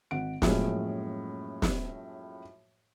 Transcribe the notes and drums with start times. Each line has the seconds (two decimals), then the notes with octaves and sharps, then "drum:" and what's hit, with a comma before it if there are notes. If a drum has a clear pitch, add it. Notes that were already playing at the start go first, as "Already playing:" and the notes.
0.11 G#1 F#5 D7
0.42 F#2 A2 F3 G#3 A#3 C#4, drum: snare
1.62 drum: snare